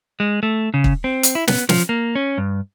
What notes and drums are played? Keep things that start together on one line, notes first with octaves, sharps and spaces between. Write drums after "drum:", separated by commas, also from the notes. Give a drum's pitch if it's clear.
G#3
A3
C#3
drum: kick
C4
drum: hi-hat
E4
B3, drum: snare
F3, drum: snare
A#3
C#4
G2